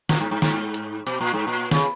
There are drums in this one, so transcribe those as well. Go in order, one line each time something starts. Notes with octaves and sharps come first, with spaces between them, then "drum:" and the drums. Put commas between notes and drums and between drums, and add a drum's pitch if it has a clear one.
A#2, drum: snare
G#2
G#2
G#2, drum: snare
drum: hi-hat
B2, drum: open hi-hat
A#2
G#2
A#2
C#3, drum: snare